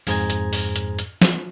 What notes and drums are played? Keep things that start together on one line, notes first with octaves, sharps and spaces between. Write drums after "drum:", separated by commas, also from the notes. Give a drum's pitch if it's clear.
F2 G#2 G#4 C5 A#5 G#6, drum: open hi-hat
drum: hi-hat
drum: open hi-hat
drum: hi-hat
drum: hi-hat
drum: snare